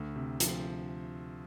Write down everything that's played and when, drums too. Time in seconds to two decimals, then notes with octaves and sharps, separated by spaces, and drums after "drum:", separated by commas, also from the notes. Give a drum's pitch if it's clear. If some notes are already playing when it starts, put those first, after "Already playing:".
Already playing: D2
0.16 C3
0.40 F3, drum: hi-hat